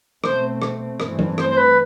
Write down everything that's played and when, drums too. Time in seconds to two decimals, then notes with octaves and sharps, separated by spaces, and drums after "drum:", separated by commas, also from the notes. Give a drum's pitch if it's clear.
0.24 B2 A3 C4 C5, drum: rim click
0.62 drum: rim click
1.00 G2 E3 A3 C4, drum: rim click
1.19 drum: tom
1.38 C5, drum: rim click
1.49 C5
1.57 B4